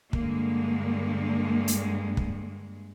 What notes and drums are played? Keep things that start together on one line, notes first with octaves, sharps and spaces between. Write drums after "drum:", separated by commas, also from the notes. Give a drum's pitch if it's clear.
G2 D3 G#3 A#3, drum: kick
drum: hi-hat
drum: kick